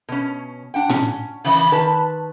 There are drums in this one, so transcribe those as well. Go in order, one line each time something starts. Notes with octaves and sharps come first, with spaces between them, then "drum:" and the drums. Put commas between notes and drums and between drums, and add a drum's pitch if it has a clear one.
B2 C#4
D4 F#5 G5
C#4, drum: tom A2
C#3 E3, drum: open hi-hat
D#3 B4 A5